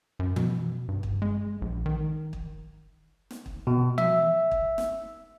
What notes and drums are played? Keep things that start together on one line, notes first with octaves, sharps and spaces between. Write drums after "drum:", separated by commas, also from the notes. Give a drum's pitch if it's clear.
F#2
B2, drum: tom E3
G2
drum: kick
G#3
A#1
D#3
drum: kick
drum: snare
drum: kick
B2
E5, drum: tom E3
drum: kick
drum: snare